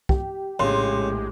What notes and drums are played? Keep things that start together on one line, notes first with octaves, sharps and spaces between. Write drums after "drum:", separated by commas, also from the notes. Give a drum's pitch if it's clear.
G4, drum: kick
A#1 A2 C#3 G#3 G4 C6